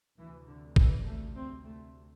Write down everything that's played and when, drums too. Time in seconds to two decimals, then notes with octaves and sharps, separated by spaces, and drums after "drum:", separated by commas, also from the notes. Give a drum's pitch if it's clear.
0.18 D2 C3 E3
0.48 D3
0.76 E3, drum: kick
1.06 A3
1.36 C4
1.64 A3